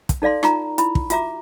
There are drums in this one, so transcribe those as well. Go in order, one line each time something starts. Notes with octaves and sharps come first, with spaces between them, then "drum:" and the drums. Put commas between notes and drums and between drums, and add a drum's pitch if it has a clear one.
drum: kick, hi-hat
D#4 A4 D5 F5 C6
D#4 F4 A#5, drum: rim click
E4 B5, drum: hi-hat
drum: kick
F4 F#4 E5 A#5 D6, drum: hi-hat